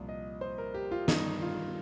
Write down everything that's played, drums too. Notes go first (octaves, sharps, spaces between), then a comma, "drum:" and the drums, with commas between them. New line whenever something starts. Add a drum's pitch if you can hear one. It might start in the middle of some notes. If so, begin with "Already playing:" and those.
Already playing: C2 A#2 F3
D#5
C5
A#4
G4
F4
G2 D#3 D#4, drum: snare
F4